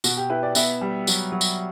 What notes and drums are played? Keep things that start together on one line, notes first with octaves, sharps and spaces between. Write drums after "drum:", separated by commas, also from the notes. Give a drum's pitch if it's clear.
B2 F#4, drum: tambourine
G4
E4 B4
D5
B3 E5, drum: tambourine
G3
F#3, drum: tambourine
F#3
drum: tambourine